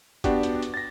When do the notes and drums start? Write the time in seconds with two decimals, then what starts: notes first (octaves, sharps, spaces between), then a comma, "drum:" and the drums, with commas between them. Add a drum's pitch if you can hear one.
0.24 B3 D4 F#4 G4, drum: kick, hi-hat
0.43 drum: hi-hat
0.63 drum: hi-hat
0.74 A6 A#6